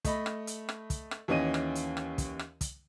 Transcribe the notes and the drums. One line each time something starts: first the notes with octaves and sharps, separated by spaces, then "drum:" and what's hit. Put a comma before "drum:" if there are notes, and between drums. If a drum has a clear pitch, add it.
A3 D#5 B5, drum: kick, hi-hat
drum: rim click
drum: hi-hat
drum: rim click
drum: kick, hi-hat
drum: rim click
D#2 E3 C#4 D#5 D#7
drum: rim click
drum: hi-hat
drum: rim click
drum: kick, hi-hat
drum: rim click
drum: kick, hi-hat